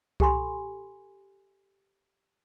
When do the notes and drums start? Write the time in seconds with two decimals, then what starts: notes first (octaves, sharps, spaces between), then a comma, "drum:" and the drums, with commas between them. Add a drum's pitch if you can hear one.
0.20 G4 A4 G#5 B5 C6, drum: kick C2